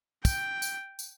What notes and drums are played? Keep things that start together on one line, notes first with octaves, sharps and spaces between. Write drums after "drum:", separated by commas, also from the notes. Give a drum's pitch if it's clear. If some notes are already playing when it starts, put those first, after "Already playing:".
G5, drum: kick, tambourine
drum: tambourine
drum: tambourine